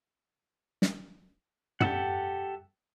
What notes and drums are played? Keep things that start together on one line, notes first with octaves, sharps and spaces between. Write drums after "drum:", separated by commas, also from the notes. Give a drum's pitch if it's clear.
drum: snare
G4 A4 E5 F#5, drum: tom